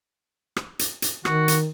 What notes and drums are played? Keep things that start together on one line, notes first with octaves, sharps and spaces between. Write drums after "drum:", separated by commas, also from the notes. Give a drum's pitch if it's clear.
drum: rim click
drum: hi-hat
drum: hi-hat
D#3 F#4, drum: rim click
drum: hi-hat